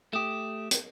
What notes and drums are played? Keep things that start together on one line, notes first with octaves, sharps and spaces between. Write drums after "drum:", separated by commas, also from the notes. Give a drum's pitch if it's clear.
A3 G4 D#6 E7
drum: hi-hat